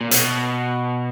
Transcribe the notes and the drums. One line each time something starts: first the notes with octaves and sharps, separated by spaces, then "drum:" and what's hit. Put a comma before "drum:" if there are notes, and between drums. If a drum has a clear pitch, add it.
A#2
B2, drum: hi-hat